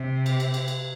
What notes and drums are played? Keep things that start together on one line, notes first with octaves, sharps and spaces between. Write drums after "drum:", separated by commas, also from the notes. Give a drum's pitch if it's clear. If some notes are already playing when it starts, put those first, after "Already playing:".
Already playing: C3
drum: cymbal
drum: cymbal
drum: cymbal
drum: cymbal